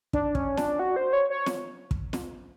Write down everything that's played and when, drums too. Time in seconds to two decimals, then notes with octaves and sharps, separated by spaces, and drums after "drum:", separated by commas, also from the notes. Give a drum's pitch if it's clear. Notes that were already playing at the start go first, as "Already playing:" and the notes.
0.13 D4, drum: kick
0.35 C#4, drum: kick
0.57 D4, drum: snare
0.79 F#4
0.96 C5
1.13 C#5
1.30 C#5
1.46 drum: snare
1.91 drum: kick
2.13 drum: snare